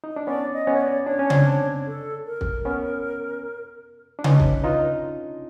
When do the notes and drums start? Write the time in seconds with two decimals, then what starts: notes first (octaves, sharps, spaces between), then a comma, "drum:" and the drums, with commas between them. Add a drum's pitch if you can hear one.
0.04 D#4
0.16 D4
0.27 B3 C#4 D5
0.54 D#5
0.67 B3 C#4
0.74 C#5
0.81 D5
1.06 D4 C#5
1.19 C#4
1.30 C4 D4, drum: tom C#3
1.87 A4
2.26 A#4
2.41 drum: kick
2.65 B3 C#4
4.19 D4
4.24 C#4 D#4 B4, drum: tom C#3
4.40 drum: kick
4.64 D#4 F4